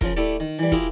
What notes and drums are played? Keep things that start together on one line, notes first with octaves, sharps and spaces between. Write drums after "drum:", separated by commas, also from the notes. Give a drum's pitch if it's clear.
C#3 F3 F4 A#4, drum: kick
A3 E4 G4 D5
D#3
E3 G3
E4 F4 G4 G#4 A#4, drum: kick